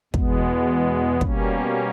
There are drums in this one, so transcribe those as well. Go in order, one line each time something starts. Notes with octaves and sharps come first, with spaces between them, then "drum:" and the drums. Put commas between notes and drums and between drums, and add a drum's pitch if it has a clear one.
E2 B2 G#3 B3, drum: kick
B2 G3 A#3 C#4, drum: kick